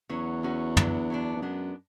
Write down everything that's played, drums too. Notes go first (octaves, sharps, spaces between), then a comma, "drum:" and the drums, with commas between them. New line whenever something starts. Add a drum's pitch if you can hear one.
E2 F#3 C#4 F#4
F#3 C#4 F#4
F#3 B3 D4, drum: tom
F#3 B3 D4
E2
F#2 G#3 B3 D4